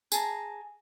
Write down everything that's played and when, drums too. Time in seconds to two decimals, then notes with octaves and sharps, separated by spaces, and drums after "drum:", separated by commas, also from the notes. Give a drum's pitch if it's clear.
0.12 G#4 A5 A#5, drum: tambourine